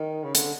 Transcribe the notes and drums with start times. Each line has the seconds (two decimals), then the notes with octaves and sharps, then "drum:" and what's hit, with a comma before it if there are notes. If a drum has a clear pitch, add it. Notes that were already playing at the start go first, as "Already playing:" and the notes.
Already playing: D#3
0.24 C#3
0.35 D3, drum: hi-hat